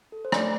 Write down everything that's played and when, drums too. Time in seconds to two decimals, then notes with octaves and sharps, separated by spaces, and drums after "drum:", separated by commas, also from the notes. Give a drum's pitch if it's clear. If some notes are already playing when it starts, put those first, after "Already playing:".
0.12 A4
0.25 C5
0.32 A3 D5, drum: rim click